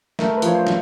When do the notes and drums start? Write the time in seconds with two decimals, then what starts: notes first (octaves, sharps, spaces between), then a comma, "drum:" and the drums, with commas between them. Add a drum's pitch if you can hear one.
0.19 A3 A#4, drum: snare
0.37 B4
0.42 F3 C#5, drum: hi-hat
0.55 C5
0.67 drum: snare